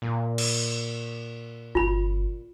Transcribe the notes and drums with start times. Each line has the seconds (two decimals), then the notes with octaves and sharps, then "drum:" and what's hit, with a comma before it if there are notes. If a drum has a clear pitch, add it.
0.02 A#2
0.38 drum: cymbal
1.75 G1 F4 B5